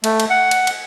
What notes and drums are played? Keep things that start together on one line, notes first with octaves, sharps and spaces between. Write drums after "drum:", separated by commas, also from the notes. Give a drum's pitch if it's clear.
A3, drum: cymbal
drum: cymbal
F#5
drum: cymbal
drum: cymbal